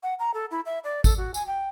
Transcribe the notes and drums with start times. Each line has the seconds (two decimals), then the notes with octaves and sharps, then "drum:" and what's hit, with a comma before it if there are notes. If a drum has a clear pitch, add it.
0.03 F#5
0.19 A#5
0.34 A4
0.51 E4
0.66 E5
0.84 D5
1.04 A4, drum: kick, tambourine
1.17 F#4
1.34 G#5, drum: tambourine
1.47 G5